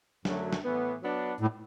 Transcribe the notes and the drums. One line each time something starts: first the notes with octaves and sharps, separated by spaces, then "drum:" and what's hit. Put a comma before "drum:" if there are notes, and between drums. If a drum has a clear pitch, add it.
F#2 D3 F#3 A3, drum: snare
drum: snare
A2 E3 B3
F#3 B3 D4
A2